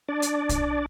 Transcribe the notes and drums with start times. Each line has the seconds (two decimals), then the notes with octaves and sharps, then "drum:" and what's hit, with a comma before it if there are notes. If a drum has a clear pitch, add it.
0.09 D4 D5
0.22 drum: hi-hat
0.49 drum: kick B1, hi-hat